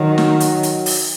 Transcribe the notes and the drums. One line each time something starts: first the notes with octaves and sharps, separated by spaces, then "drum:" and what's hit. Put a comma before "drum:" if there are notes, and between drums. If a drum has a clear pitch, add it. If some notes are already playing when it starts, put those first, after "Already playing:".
Already playing: D#3 F#3
drum: snare
drum: hi-hat
drum: hi-hat
drum: open hi-hat